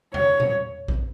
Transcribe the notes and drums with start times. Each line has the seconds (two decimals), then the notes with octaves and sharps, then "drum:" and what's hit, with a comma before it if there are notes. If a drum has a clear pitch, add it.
0.14 C#5, drum: tom E2
0.40 drum: tom A#2
0.88 drum: kick A#1